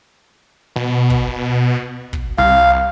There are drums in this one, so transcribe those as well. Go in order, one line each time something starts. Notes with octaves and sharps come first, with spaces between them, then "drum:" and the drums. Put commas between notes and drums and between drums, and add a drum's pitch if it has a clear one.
B2
drum: kick
drum: kick
C2 F5